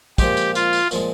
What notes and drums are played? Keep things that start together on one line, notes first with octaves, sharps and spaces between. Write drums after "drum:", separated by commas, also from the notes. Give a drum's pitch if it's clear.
A#2 F3 G#3 G4, drum: kick, tambourine
drum: tambourine
F4, drum: tambourine
drum: tambourine
A#2 F3 G#3, drum: tambourine